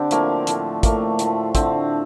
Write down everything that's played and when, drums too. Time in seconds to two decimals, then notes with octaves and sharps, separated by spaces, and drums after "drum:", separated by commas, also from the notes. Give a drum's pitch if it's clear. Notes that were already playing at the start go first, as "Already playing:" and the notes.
Already playing: D3 C4 D4 G4
0.11 A2 F3 A3 A#3, drum: hi-hat
0.47 A2 F3 A3, drum: hi-hat
0.83 A2 F3 A3 A#3, drum: kick, hi-hat
1.19 A2 F3 A3, drum: hi-hat
1.55 D3 A3 C4, drum: kick, hi-hat